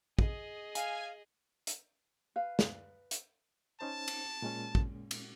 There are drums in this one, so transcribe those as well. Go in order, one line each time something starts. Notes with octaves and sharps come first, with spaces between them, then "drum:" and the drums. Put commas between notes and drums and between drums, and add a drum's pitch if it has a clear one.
G#4 D#5, drum: kick
F5 G#5, drum: hi-hat
drum: hi-hat
B4 F5
drum: snare
drum: hi-hat
C#4 D#4 C5 A5
drum: cymbal
A#2 G#3 C#4
drum: kick
drum: cymbal